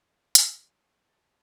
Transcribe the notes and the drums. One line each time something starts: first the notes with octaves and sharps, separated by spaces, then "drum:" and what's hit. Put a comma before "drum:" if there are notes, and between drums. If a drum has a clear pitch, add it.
G#4 A#4 F5
C#5 F#5 A#5, drum: hi-hat
G5 A5
F#4 G#4 A5